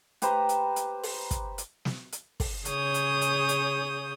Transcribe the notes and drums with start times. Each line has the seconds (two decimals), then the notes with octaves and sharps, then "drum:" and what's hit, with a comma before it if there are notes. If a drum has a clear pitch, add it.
0.22 G4 B4 C5 A#5, drum: hi-hat
0.49 drum: hi-hat
0.76 drum: hi-hat
1.03 drum: open hi-hat
1.31 drum: kick, hi-hat
1.58 drum: hi-hat
1.85 drum: snare
2.12 drum: hi-hat
2.40 drum: kick, open hi-hat
2.65 C#3 G#4 C#5 D#6 G6, drum: hi-hat
2.94 drum: hi-hat
3.21 drum: hi-hat
3.49 drum: hi-hat